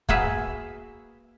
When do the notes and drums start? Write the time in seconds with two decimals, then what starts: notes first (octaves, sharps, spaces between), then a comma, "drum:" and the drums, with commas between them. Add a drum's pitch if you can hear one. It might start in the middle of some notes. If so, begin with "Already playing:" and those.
0.09 A#3 F#4 G#4 B4 E5, drum: kick